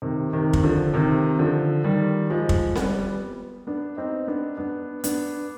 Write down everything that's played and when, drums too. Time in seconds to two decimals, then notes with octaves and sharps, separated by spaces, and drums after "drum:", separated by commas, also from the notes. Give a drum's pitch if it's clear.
0.02 C3 D#3
0.33 C3 D#3
0.53 drum: kick
0.63 D3 F3
0.94 C3 D#3
1.39 D3 F3
1.84 D#3 G3
2.30 F3 G#3
2.49 drum: kick
2.76 G3 B3, drum: snare C4
3.67 B3 D4
3.97 C4 D#4
4.27 B3 D4
4.58 B3 D4
5.04 B3 D4, drum: hi-hat